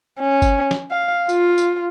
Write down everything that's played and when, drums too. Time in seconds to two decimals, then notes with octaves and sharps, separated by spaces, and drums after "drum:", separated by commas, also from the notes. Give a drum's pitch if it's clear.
0.20 C#4
0.42 drum: kick G1, tambourine
0.71 drum: snare
0.91 F5
1.29 F4, drum: tambourine
1.58 drum: tambourine